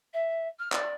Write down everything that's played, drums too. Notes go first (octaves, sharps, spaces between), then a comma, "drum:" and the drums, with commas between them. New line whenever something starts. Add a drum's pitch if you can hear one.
E5
F6
D5, drum: clap